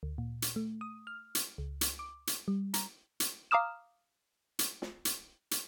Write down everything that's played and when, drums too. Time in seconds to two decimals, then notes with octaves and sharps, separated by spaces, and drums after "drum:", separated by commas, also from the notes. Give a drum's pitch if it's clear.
0.03 D2
0.18 A#2
0.42 drum: hi-hat
0.56 A3
0.81 D#6
1.07 F6
1.35 drum: hi-hat
1.58 C#2
1.81 drum: hi-hat
1.99 D6
2.27 drum: hi-hat
2.48 G3
2.74 A#5, drum: hi-hat
3.20 drum: hi-hat
3.51 F5 A#5 D6 D#6 F6 E7
4.59 drum: hi-hat
4.82 drum: snare
5.05 drum: hi-hat
5.51 drum: hi-hat